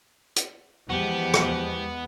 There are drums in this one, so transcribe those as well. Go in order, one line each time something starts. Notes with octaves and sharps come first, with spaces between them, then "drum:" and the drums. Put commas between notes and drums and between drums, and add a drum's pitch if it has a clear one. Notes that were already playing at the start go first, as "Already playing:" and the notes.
drum: hi-hat
E2 F3 G#3 B3 G4
drum: rim click